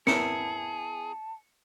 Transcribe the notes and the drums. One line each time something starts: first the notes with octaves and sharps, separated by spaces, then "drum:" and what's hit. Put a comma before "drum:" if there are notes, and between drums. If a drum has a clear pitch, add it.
B3 E4 G#4 A#4 A5 C#7, drum: snare